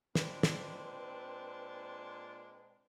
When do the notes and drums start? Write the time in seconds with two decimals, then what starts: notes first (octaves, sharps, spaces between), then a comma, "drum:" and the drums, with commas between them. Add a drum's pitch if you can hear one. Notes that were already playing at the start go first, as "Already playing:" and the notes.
0.15 A#2 G#3 C4 D4 B4, drum: snare
0.43 drum: snare